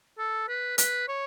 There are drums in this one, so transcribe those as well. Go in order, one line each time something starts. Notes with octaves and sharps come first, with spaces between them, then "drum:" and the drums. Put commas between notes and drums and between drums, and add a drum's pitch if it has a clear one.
A4
B4
B4, drum: hi-hat
C#5